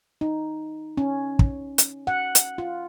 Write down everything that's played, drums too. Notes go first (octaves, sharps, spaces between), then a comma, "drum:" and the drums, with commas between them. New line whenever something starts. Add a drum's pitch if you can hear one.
D#4
C#4
drum: kick
drum: hi-hat
F#5
drum: hi-hat
F4